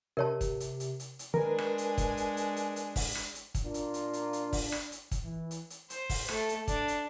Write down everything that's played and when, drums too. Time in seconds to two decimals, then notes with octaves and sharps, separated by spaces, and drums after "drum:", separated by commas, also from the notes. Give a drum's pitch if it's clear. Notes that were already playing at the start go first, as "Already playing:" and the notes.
0.17 C3 A#4 C#5 A5
0.41 drum: kick, hi-hat
0.60 drum: hi-hat
0.80 drum: hi-hat
1.00 drum: hi-hat
1.19 drum: hi-hat
1.34 D#3 G#3 D4 A#4 B4 G#5
1.58 drum: rim click
1.78 drum: hi-hat
1.98 drum: kick, hi-hat
2.17 drum: hi-hat
2.37 drum: hi-hat
2.56 drum: hi-hat
2.76 drum: hi-hat
2.96 drum: kick, open hi-hat
3.15 drum: rim click
3.35 drum: hi-hat
3.55 drum: kick, hi-hat
3.64 A#2 A#3 D4 F4
3.74 drum: hi-hat
3.94 drum: hi-hat
4.13 drum: hi-hat
4.33 drum: hi-hat
4.53 drum: kick, open hi-hat
4.72 drum: rim click
4.92 drum: hi-hat
5.11 drum: kick, hi-hat
5.24 E3
5.51 drum: hi-hat
5.70 drum: hi-hat
5.90 C5, drum: hi-hat
6.10 drum: kick, open hi-hat
6.28 A3, drum: rim click
6.49 drum: hi-hat
6.68 D4, drum: kick, hi-hat
6.88 drum: hi-hat